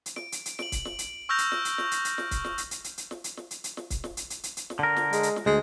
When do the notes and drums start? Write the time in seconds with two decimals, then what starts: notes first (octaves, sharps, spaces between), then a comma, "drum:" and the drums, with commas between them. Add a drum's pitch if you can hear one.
0.06 drum: hi-hat
0.16 D7, drum: snare
0.32 drum: hi-hat
0.46 drum: hi-hat
0.59 D7 F#7, drum: snare
0.72 drum: kick C#1, hi-hat
0.85 drum: snare
0.99 drum: hi-hat
1.29 C#6 E6 F6 G6 A#6 F7
1.38 drum: hi-hat
1.52 drum: snare
1.65 drum: hi-hat
1.78 drum: snare
1.91 drum: hi-hat
2.05 drum: hi-hat
2.18 drum: snare
2.31 drum: kick C#1, hi-hat
2.44 drum: snare
2.58 drum: hi-hat
2.71 drum: hi-hat
2.84 drum: hi-hat
2.98 drum: hi-hat
3.11 drum: snare
3.24 drum: hi-hat
3.37 drum: snare
3.51 drum: hi-hat
3.64 drum: hi-hat
3.77 drum: snare
3.90 drum: kick C#1, hi-hat
4.04 drum: snare
4.17 drum: hi-hat
4.30 drum: hi-hat
4.43 drum: hi-hat
4.57 drum: hi-hat
4.70 drum: snare
4.79 D3 A#4
4.97 drum: snare
5.13 G#3, drum: hi-hat
5.23 drum: hi-hat
5.36 drum: snare
5.46 D2 G#3